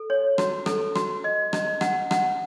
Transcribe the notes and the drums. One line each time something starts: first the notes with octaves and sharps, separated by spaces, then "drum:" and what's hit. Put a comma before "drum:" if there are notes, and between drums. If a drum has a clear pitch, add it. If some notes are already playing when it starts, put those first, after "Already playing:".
Already playing: A4
C#5
F#4, drum: rim click
A4, drum: rim click
F#4, drum: rim click
D#5
D#5, drum: rim click
F#5, drum: rim click
F#5, drum: rim click